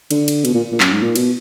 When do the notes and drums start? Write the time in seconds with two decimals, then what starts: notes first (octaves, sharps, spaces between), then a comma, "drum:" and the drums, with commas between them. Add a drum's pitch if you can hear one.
0.11 D3, drum: cymbal
0.28 drum: cymbal
0.45 B2, drum: cymbal
0.54 A#2
0.72 A#2
0.80 F#2, drum: clap
0.92 G#2
1.03 A#2
1.16 B2, drum: cymbal